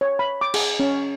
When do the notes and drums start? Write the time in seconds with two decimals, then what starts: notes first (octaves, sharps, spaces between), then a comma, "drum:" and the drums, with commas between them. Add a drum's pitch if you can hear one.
0.01 C#5
0.19 B5
0.41 D6
0.54 G#4, drum: cymbal
0.79 C#4